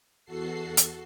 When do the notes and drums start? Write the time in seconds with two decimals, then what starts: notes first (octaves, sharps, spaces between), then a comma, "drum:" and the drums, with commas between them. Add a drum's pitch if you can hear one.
0.25 E2 F#4 A4 C7
0.77 drum: hi-hat